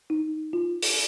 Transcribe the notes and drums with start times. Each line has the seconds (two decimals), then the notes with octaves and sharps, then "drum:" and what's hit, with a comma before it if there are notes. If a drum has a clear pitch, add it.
0.10 D#4
0.53 F4
0.82 drum: open hi-hat